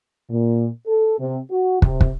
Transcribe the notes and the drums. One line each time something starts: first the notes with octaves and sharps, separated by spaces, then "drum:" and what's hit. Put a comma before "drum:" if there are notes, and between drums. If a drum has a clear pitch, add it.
A#2
A4
C3
F#4
C3, drum: kick
drum: kick